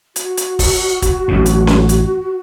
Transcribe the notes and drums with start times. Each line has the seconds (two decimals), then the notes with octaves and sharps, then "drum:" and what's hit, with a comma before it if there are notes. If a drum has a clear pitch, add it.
0.16 F#4, drum: hi-hat
0.37 drum: hi-hat
0.59 drum: kick, open hi-hat
1.02 drum: kick, hi-hat
1.28 A1 F#2 A2
1.46 drum: hi-hat
1.67 drum: snare C#4
1.89 drum: hi-hat